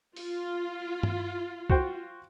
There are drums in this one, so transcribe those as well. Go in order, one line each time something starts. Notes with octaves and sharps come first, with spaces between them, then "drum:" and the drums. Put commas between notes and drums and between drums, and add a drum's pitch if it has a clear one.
F4, drum: open hi-hat
drum: tom G2
F#4 C5 G5, drum: kick C2